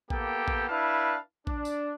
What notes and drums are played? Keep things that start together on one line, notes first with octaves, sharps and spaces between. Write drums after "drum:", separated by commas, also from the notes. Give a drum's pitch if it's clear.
A#3 B3 G4 A4 G5, drum: kick
drum: kick
D4 E4 B4 F5 A5
D4, drum: kick
drum: tambourine